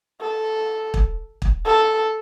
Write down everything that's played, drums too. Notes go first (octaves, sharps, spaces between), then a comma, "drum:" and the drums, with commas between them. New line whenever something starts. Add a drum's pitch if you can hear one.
A4
drum: kick
drum: kick
A4